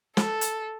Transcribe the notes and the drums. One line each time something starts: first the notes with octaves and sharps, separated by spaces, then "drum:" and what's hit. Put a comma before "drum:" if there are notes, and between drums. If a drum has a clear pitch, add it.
A4, drum: snare
drum: hi-hat